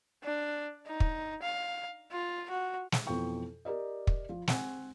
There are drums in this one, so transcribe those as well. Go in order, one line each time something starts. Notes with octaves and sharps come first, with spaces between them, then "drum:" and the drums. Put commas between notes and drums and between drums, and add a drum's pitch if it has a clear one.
D4
D#4
drum: kick
F5
F4
F#4
drum: snare
F2 B2 E3 G5 C#6
G4 A#4 D5 D#5
drum: kick
F3
C4 F#5 G#5, drum: snare